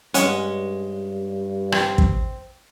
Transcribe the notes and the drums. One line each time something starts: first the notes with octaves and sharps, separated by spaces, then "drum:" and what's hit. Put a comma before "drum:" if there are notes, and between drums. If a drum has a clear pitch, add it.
G2 G#3 C#4 F#5, drum: hi-hat
C4, drum: rim click
drum: kick